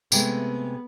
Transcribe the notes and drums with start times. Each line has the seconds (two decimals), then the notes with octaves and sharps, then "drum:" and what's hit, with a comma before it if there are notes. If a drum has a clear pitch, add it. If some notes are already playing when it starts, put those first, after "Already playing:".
0.12 C3 G#3 A3 B3, drum: tambourine